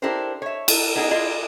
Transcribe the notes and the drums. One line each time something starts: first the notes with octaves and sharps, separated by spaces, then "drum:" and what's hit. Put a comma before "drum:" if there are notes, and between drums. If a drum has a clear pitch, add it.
D4 E4 G4 A4 A#4 C5
C#5 E5
A4, drum: cymbal
B3 D#4 G#4
E4 F4 G#4 A4 D5 D#5